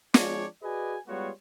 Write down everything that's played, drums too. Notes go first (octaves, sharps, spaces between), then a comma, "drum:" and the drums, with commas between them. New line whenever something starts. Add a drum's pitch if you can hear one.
F3 G#3 C4 D4 C#5 D5, drum: snare
F#4 G#4 B4 D5 D#5 G#5
G3 G#3 B3 F4 F#4 C#5